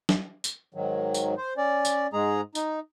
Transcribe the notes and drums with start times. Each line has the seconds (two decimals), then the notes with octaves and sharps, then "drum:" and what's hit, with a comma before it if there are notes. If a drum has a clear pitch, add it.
0.09 drum: snare
0.44 drum: tambourine
0.74 G#2 D#3 F#3
1.14 drum: tambourine
1.37 C5
1.57 C#4 D5
1.85 drum: tambourine
2.13 G#2 G#3 G#4 A#5
2.55 D#4, drum: tambourine